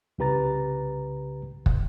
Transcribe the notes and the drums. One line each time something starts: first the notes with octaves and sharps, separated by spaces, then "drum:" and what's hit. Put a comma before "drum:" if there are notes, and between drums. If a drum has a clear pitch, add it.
C2 C#3 G4 B4 A#5 A6
drum: kick